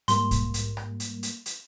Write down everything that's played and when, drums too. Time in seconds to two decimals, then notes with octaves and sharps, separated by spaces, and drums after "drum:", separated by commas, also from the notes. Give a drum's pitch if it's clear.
0.08 G#2 G3 A#3 C6, drum: hi-hat
0.31 drum: kick B1, hi-hat
0.54 drum: hi-hat
0.77 drum: rim click
1.00 drum: hi-hat
1.23 drum: hi-hat
1.46 drum: hi-hat